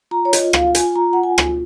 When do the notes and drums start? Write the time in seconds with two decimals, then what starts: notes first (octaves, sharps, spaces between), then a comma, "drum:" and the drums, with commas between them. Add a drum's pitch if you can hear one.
0.11 F4 A#5
0.25 C#5
0.33 D#5, drum: hi-hat
0.39 F4
0.53 F5, drum: rim click
0.68 F4
0.75 G#5, drum: hi-hat
0.96 F4 A#5
1.13 F#5
1.23 F4 G#5
1.38 drum: rim click